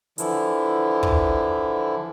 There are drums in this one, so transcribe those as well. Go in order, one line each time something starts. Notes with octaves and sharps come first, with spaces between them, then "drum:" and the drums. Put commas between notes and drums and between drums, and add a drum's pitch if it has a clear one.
D3 E3 F3 E4, drum: hi-hat
drum: kick